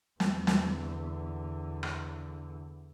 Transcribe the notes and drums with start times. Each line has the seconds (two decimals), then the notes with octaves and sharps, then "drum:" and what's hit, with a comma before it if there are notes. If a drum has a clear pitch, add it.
0.20 E2 D3, drum: snare
0.47 drum: snare
1.83 drum: rim click